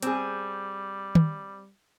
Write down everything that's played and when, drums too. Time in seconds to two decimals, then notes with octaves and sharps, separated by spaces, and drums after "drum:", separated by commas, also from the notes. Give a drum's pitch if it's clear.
0.03 G3 C4 G#4, drum: hi-hat
1.15 drum: tom D#3